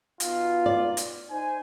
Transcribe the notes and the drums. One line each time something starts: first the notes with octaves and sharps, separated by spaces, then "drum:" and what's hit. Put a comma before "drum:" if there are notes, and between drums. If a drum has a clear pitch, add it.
B2 D#4 F4, drum: hi-hat
D5
drum: hi-hat
D#4 C5 G#5